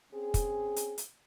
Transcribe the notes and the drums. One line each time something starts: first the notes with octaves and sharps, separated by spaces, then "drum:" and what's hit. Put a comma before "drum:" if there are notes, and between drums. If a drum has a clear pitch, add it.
C4 C#4 G#4
drum: kick, hi-hat
drum: hi-hat
drum: hi-hat